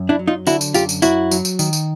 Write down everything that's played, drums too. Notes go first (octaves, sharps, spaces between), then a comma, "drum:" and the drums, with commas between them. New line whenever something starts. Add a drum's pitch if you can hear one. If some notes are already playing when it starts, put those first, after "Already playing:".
Already playing: F#2
D4 E4
F#3
D#4 F4
D3 E4 F#4, drum: tambourine
drum: tambourine
F#2 F4 G4, drum: tambourine
drum: tambourine
F#2 E4 F#4, drum: tambourine
F#3, drum: tambourine
drum: tambourine
D#3, drum: tambourine
drum: tambourine